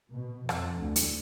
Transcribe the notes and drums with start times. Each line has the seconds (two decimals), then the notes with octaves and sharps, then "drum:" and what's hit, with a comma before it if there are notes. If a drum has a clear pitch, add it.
0.13 B2
0.49 F2, drum: rim click
0.80 D2
0.96 drum: hi-hat